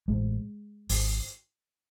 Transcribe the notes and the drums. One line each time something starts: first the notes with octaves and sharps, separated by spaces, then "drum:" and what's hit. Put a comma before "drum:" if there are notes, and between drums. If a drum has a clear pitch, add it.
A1 A2 G#3
G#1 G#2, drum: open hi-hat